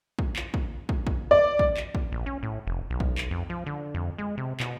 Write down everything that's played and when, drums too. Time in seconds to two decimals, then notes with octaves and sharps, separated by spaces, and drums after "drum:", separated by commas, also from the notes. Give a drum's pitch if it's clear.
0.19 drum: kick
0.36 drum: clap
0.54 drum: kick
0.89 drum: kick
1.07 drum: kick
1.31 D5
1.59 drum: kick
1.77 drum: clap
1.95 drum: kick
2.12 A#1
2.26 C#4
2.43 A2
2.67 F1
2.90 B1
3.00 drum: kick
3.18 drum: clap
3.31 F2
3.50 F3
3.66 D3
3.94 F2
4.18 G#3
4.38 C3
4.60 B2, drum: clap